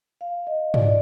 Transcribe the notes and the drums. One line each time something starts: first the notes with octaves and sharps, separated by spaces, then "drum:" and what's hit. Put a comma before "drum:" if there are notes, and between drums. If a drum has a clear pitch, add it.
F5
D#5
D5, drum: tom